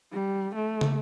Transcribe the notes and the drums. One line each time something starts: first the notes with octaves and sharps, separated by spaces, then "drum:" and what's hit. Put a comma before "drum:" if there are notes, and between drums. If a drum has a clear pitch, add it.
G3
A3
drum: tom